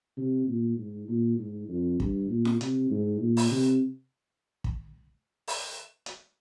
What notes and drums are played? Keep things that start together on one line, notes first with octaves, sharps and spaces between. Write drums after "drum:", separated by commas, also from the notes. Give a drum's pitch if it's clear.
C3
A#2
G#2
A#2
G#2
F2
G2, drum: kick
A#2
drum: snare
C3, drum: hi-hat
G#2
A#2
drum: open hi-hat
C3
drum: kick
drum: open hi-hat
drum: hi-hat